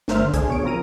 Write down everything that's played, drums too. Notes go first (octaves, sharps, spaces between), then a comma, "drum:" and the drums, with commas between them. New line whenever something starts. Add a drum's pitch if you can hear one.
G1 A3 A#4 C5 E5 F6, drum: snare
D3
D3 D4 G#4, drum: kick C2, hi-hat
B2 C#5 D7
F3 C4 A#4 A#5 D#7